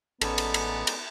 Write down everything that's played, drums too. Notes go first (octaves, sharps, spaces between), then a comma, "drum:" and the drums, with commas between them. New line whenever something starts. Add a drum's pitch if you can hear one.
A1 G#3 B3 C#4 D#4 A4 D5, drum: cymbal
drum: cymbal
drum: cymbal
drum: cymbal